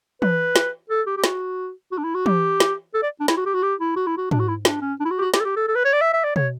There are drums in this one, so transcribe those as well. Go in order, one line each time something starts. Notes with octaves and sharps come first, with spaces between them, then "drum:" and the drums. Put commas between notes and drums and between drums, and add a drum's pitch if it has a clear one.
B4, drum: tom E3
drum: snare
A4
G4
G4
F#4, drum: snare
F#4
D4
E4
F#4
G4, drum: tom E3
drum: snare
A4
D5
D4
E4, drum: snare
F#4
G4
F#4
G4
E4
F#4
E4
F#4
D4, drum: tom G#2
F#4
E4
D4, drum: snare
C#4
D4
E4
F#4
G4
F#4
G4, drum: snare
A4
G4
A4
A4
B4
C#5
D5
E5
E5
D5
C#5, drum: tom B2